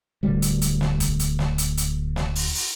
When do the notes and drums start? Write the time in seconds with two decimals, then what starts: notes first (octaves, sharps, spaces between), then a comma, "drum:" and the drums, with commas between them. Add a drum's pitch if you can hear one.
0.23 D1 D2 G3
0.42 drum: hi-hat
0.61 drum: hi-hat
0.81 drum: snare
1.00 drum: kick, hi-hat
1.19 drum: hi-hat
1.39 drum: snare
1.58 drum: hi-hat
1.77 drum: hi-hat
2.16 drum: snare
2.35 drum: open hi-hat
2.55 drum: open hi-hat